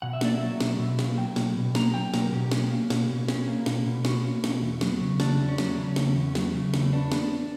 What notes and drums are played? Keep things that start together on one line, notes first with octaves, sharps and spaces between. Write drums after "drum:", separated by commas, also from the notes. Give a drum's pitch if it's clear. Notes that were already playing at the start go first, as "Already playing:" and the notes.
B2 F#5
E5
A#3 D5, drum: snare
E5
F#3
B2, drum: snare
B2
A#3, drum: snare
F#3 G5
B2, drum: snare
B2
A#3 A#5, drum: snare
F#3 G5
B2 A#4, drum: snare
B2 G4
C#4, drum: snare
A#3
B2, drum: snare
B2
C#4, drum: snare
A#3
B2, drum: snare
B2
C#4 F#4, drum: snare
A#3
B2, drum: snare
E2
F#3, drum: snare
C#3
E2 D4, drum: snare
E2
C#4
F#3, drum: snare
C#3
E2, drum: snare
E2
F#3, drum: snare
C#3
E2, drum: snare
B3 D4
drum: snare